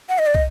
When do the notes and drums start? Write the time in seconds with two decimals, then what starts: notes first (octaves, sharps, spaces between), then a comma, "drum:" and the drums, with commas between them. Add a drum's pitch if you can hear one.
0.09 F#5
0.18 D#5
0.26 D5
0.35 D#5, drum: kick